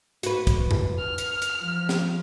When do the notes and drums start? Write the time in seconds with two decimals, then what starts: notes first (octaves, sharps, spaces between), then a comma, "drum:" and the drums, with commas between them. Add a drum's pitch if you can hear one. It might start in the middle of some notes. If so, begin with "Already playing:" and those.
0.23 F#4 B4, drum: hi-hat
0.47 drum: kick, hi-hat
0.71 drum: tom E2
0.98 F6
1.18 drum: hi-hat
1.42 drum: hi-hat
1.60 F3
1.89 drum: snare